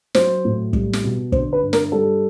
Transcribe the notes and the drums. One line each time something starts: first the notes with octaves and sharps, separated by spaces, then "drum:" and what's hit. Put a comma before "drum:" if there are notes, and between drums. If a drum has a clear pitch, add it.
F#3 C5, drum: snare
A2
G3, drum: kick
drum: snare
B2
D3 C5, drum: kick
B4
G2
A#4, drum: snare
G3 A4